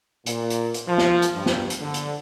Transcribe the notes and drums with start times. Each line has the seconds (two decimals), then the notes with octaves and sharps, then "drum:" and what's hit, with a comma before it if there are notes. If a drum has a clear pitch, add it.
0.26 A#2, drum: hi-hat
0.50 drum: hi-hat
0.74 drum: hi-hat
0.88 F3
0.98 drum: snare
1.22 drum: hi-hat
1.35 G2
1.46 drum: snare
1.70 drum: hi-hat
1.82 D3
1.94 drum: hi-hat